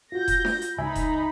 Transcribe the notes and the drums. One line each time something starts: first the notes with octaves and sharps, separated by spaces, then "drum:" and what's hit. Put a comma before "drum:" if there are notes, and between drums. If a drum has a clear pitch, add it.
F4 F#4 G6 A#6
drum: kick E1, hi-hat
drum: snare D4
drum: hi-hat
C#2 D#4 E5 G#5 B5
drum: kick E1, hi-hat